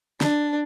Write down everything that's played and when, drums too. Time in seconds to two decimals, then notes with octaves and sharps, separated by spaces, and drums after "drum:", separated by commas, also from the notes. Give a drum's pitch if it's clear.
0.21 D4, drum: snare